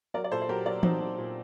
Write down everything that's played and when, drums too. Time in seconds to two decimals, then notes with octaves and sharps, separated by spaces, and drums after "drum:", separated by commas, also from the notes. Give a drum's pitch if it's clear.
0.14 F#3 A#4 D5
0.24 D5
0.31 A#2 A4 C5
0.42 C5
0.49 F#3 G4 A#4
0.66 F#3 A#4 D5
0.83 F#3 C4 D#4, drum: tom E3
1.00 F#3
1.18 A#2